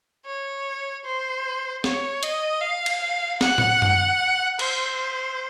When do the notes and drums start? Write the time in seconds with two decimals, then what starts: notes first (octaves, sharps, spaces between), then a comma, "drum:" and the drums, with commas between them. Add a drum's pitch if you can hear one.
0.26 C#5
1.05 C5
1.84 C#5, drum: snare
2.23 D#5, drum: hi-hat
2.62 F5
2.86 drum: cymbal
3.41 F#5, drum: snare
3.58 drum: tom A2
3.82 drum: tom F#2
4.59 C5, drum: cymbal